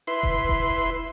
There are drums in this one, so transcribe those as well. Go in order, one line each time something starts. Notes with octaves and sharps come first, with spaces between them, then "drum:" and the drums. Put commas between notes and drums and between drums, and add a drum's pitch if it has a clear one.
E4 B4 C6
drum: kick E1
drum: kick E1